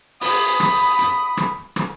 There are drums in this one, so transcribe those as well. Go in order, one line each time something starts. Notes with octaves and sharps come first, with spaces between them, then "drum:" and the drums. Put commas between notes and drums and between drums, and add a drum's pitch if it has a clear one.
B5 D#6, drum: open hi-hat
drum: rim click
drum: hi-hat
drum: rim click
drum: rim click